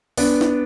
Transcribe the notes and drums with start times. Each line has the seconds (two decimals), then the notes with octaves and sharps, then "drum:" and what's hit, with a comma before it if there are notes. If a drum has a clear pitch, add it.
0.17 B3 D4, drum: open hi-hat
0.41 drum: snare